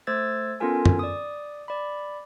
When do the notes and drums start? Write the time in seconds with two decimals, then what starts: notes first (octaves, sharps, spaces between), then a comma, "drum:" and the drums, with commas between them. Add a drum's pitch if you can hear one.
0.07 A3 C5 E6 G#6 A6
0.60 B3 C#4 F4 A4 A#4 G#5
0.86 drum: tom F#2
0.99 D5 D#6
1.68 D5 B5